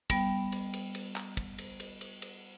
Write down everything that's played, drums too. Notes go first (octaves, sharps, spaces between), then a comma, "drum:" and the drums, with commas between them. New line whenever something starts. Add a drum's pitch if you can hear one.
G3 B3 G5, drum: kick, cymbal
drum: cymbal
drum: cymbal
drum: cymbal
drum: clap
drum: kick
drum: cymbal
drum: cymbal
drum: cymbal
drum: cymbal